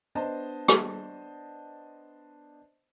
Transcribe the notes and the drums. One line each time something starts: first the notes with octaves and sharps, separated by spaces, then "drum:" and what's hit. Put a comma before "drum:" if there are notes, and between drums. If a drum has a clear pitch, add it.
B3 D4 C5 D#5 A5
drum: rim click